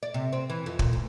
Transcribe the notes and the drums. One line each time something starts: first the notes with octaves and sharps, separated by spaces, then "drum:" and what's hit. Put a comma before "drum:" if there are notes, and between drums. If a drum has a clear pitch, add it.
D5
C3
C4
E3
F2
A#2, drum: kick
D2